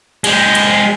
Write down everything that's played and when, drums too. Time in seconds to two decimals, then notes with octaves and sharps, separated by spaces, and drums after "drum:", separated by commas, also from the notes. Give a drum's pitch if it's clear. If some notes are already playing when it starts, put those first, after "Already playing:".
0.24 G#3 G4, drum: cymbal
0.55 drum: cymbal